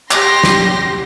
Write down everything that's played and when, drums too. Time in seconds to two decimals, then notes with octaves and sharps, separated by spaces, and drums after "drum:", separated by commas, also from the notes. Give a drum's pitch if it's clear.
0.11 G4 C6 A#6, drum: clap
0.44 drum: snare